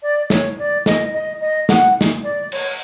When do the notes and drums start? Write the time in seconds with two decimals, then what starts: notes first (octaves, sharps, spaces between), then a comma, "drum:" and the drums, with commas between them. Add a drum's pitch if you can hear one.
0.02 D5
0.30 C#5, drum: snare
0.59 D5
0.86 D#5, drum: snare
1.14 D#5
1.41 D#5
1.69 F#5, drum: snare
2.01 drum: snare
2.24 D5
2.52 C#5, drum: cymbal